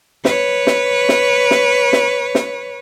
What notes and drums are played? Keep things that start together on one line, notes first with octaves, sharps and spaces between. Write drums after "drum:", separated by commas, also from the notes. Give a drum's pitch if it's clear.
B4 C#5, drum: snare
drum: snare
drum: snare
drum: snare
drum: snare
drum: snare